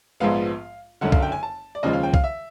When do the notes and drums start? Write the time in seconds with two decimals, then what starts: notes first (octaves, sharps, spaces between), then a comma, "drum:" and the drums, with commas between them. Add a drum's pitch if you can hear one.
0.20 A#1 G#2 F3 G#3 B3 F5
1.01 F#1 F#2 D3 F#5
1.12 F5, drum: kick C2
1.22 G5
1.32 G#5
1.43 A5
1.75 D5
1.83 D#2 C#3 F3 G#3 D#5
1.93 F5
2.03 G5
2.14 F5, drum: kick C2
2.24 E5